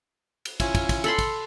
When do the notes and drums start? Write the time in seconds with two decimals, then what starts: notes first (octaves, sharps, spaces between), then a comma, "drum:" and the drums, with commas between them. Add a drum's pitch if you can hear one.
0.45 drum: cymbal
0.60 C#4 E4 F4, drum: kick, cymbal
0.75 drum: kick, cymbal
0.89 drum: kick, cymbal
1.04 A4 B5 C6, drum: cymbal
1.19 drum: kick, cymbal